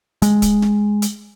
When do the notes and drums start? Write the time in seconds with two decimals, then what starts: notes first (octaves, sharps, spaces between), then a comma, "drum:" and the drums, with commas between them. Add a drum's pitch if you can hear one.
0.22 G#3, drum: hi-hat
0.42 drum: kick, hi-hat
0.62 drum: snare
1.02 drum: hi-hat